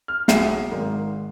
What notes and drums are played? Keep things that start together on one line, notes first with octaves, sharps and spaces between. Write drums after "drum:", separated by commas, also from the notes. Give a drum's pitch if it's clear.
F6
B1 G#4 E5 G5 C7, drum: snare
G#1 G#2 A#4